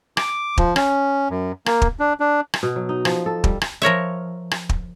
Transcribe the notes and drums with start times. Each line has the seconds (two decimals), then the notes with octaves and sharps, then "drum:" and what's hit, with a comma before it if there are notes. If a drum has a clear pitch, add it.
0.17 D6, drum: rim click
0.57 F3, drum: kick
0.76 C#4, drum: rim click
1.30 F#2
1.66 A#3, drum: rim click
1.82 drum: kick
2.00 D4
2.20 D4
2.54 drum: rim click
2.63 B2
2.76 F#3
2.89 D#4
3.05 F3, drum: rim click
3.26 A4
3.44 G3, drum: kick
3.61 drum: rim click
3.82 F3 A#4 C#5 E5
4.51 drum: rim click
4.69 drum: kick